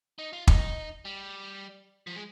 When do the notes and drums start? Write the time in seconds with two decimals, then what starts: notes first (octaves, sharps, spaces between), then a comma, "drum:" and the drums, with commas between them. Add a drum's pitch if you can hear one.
0.19 D#4
0.33 F4
0.47 D#4, drum: kick
1.05 G3
2.07 F3
2.16 G#3